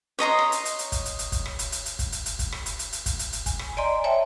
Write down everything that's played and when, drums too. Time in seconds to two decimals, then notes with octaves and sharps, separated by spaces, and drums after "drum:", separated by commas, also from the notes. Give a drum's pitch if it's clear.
0.19 C#5 D#5 A#5 C6
0.39 drum: rim click
0.52 drum: hi-hat
0.65 drum: hi-hat
0.79 drum: hi-hat
0.92 drum: kick, hi-hat
1.05 drum: hi-hat
1.19 drum: hi-hat
1.32 drum: kick, hi-hat
1.46 drum: rim click
1.59 drum: hi-hat
1.72 drum: hi-hat
1.86 drum: hi-hat
1.99 drum: kick, hi-hat
2.12 drum: hi-hat
2.26 drum: hi-hat
2.39 drum: kick, hi-hat
2.52 drum: rim click
2.66 drum: hi-hat
2.79 drum: hi-hat
2.93 drum: hi-hat
3.06 drum: kick, hi-hat
3.19 drum: hi-hat
3.33 drum: hi-hat
3.46 G#5, drum: kick, hi-hat
3.59 drum: rim click
3.77 D5 D#5 G#5 A#5 C6
4.04 C#5 E5 G5 A5